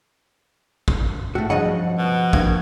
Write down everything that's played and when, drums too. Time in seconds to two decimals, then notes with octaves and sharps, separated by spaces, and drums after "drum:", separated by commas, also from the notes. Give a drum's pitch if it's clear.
0.88 drum: kick
1.35 A2 A3 F#4
1.50 G2 C#3 F3 F#3 D#5 F#5
1.98 B2
2.33 G2 A#3 G#6, drum: kick